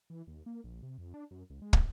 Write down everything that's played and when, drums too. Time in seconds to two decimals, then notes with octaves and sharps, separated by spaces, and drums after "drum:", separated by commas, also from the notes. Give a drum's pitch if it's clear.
0.10 E3
0.27 D#2
0.46 A#3
0.64 A#1
0.83 C3
0.98 F2
1.14 D4
1.31 F#2
1.50 C#2
1.62 G#3
1.73 drum: kick